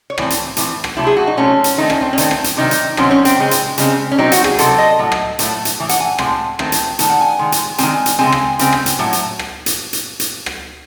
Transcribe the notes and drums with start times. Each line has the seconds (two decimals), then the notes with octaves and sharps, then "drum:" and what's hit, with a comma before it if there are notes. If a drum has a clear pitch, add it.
0.10 C#5
0.18 A2 E3 C4, drum: rim click
0.30 drum: hi-hat
0.57 A2 E3 C4, drum: hi-hat
0.84 drum: rim click
0.97 C3 F#3 A3 C4 E4
1.07 G#4
1.17 F#4
1.27 D#4
1.37 C3 F#3 A3 C4 C#4
1.64 drum: hi-hat
1.78 D#3 A3 C4 D#4
1.90 C#4, drum: rim click
2.01 C4
2.13 C#4
2.18 D#3 A3 C4, drum: hi-hat
2.31 drum: rim click
2.44 drum: hi-hat
2.57 C3 D#3 F#3 C4 D#4
2.71 drum: hi-hat
2.97 C3 D#3 F#3 C4 C#4, drum: rim click
3.11 C#4
3.25 C4, drum: hi-hat
3.37 C#3 G#3 C4
3.51 drum: hi-hat
3.78 C#3 G#3 C4, drum: hi-hat
4.12 C#4
4.18 C3 F#3 C4 D#4
4.32 F#4, drum: hi-hat
4.44 G#4, drum: rim click
4.58 C3 F#3 C4 A4, drum: hi-hat
4.78 D#5
4.99 A2 F#3
5.12 drum: rim click
5.39 A2 F#3 A3, drum: hi-hat
5.65 drum: hi-hat
5.80 A2 E3
5.89 F#5, drum: hi-hat
6.00 G#5
6.18 A2 E3 G#3 C4, drum: rim click
6.59 D#3 A3 C4, drum: rim click
6.72 drum: hi-hat
6.99 D#3 A3, drum: hi-hat
7.10 F#5
7.21 G#5
7.39 D#3 G#3
7.52 drum: hi-hat
7.78 D#3 G#3 C4 G#5, drum: hi-hat
8.06 drum: hi-hat
8.19 C#3 G#3 C4 G#5
8.32 drum: rim click
8.59 C#3 G#3 C4, drum: hi-hat
8.73 drum: rim click
8.86 drum: hi-hat
8.99 A2 F#3
9.13 drum: hi-hat
9.39 drum: rim click
9.66 drum: hi-hat
9.93 drum: hi-hat
10.20 drum: hi-hat
10.46 drum: rim click